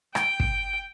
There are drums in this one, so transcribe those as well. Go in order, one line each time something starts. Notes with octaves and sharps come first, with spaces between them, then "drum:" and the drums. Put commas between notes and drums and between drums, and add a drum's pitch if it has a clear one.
G5, drum: rim click
drum: kick